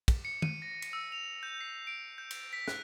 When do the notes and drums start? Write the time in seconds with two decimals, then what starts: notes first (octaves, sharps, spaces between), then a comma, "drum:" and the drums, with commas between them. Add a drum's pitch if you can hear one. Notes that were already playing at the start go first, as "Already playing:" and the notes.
0.08 drum: kick, cymbal
0.25 C#7
0.42 D#7, drum: tom
0.62 A#6
0.82 drum: cymbal
0.93 E6
1.12 F7
1.43 G6
1.61 C7
1.87 D7
2.18 G6
2.31 drum: cymbal
2.53 B6
2.68 F#6, drum: snare